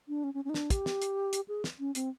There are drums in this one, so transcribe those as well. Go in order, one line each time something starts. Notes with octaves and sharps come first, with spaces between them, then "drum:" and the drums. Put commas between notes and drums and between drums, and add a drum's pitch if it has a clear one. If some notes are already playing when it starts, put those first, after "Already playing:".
D4
C#4
C#4
C#4
D#4
D4, drum: snare
G4, drum: kick, hi-hat
drum: snare
drum: hi-hat
drum: hi-hat
G#4
drum: snare
C#4
C4, drum: hi-hat